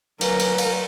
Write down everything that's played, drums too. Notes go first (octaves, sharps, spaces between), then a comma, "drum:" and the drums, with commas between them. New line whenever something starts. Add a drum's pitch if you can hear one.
F#3 A#4 B4, drum: cymbal
drum: cymbal
drum: cymbal